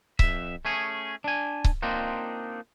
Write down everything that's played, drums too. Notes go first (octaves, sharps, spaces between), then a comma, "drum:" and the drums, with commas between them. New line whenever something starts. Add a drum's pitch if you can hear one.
F2 E5, drum: kick C#1
A3 C#4 G#4
D4 G#5
drum: kick C#1
A#3 C4 D4 D#4 F4